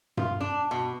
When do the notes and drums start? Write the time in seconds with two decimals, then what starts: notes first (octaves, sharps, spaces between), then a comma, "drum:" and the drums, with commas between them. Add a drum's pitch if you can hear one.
0.17 F4, drum: tom G2
0.41 D4
0.71 B2